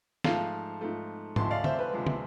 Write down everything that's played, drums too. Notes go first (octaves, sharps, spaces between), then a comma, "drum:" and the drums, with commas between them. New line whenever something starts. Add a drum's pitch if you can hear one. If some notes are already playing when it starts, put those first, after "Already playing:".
G#2 F3 A3 F5 A5, drum: snare
G#2 F3 A3
D2 C3 F3 G#3 A5 C6, drum: tom G#2
D5 F5
C5 E5, drum: tom
B4
D2 C3 F3 G#3
drum: tom